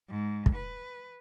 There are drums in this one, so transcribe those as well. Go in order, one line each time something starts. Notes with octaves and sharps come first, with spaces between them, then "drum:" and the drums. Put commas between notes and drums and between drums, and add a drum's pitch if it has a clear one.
G#2
drum: kick
B4